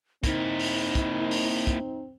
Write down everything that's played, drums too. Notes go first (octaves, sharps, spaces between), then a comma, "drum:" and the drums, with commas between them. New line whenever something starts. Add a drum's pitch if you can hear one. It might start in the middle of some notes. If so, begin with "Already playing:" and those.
A#3 C4 D#4 E4, drum: kick, hi-hat
drum: open hi-hat
drum: kick, hi-hat
drum: open hi-hat
drum: kick, hi-hat